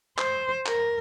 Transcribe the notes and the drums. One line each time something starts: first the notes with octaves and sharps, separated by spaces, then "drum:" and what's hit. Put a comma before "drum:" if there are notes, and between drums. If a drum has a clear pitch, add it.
C5, drum: clap
A#4, drum: clap